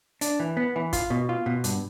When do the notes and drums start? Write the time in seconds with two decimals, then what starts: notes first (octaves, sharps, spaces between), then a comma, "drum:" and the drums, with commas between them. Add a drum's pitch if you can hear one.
0.21 D4, drum: hi-hat
0.40 E3
0.57 B3
0.76 E3
0.93 F4, drum: kick, hi-hat
1.10 B2
1.29 F4
1.46 B2
1.64 G2, drum: hi-hat